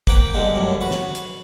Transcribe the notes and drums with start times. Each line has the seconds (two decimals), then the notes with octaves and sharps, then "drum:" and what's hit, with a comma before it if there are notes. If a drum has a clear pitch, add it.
0.07 A#3 B4 F#5 G5, drum: kick
0.34 G2 B2 D3 G#3
0.56 F#2 A2
0.81 F#4 B4
0.91 drum: snare
1.15 drum: hi-hat